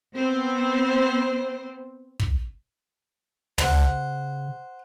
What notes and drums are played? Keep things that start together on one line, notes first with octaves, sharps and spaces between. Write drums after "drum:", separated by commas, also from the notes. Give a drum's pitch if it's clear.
B3 C4 C5
drum: kick
C#3 C5 F#5, drum: tom